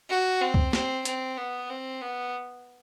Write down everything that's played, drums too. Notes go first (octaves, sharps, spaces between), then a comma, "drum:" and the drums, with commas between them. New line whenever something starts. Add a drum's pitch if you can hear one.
F#4
C4
drum: kick C#2
C4, drum: snare
C4, drum: hi-hat
B3
C4
B3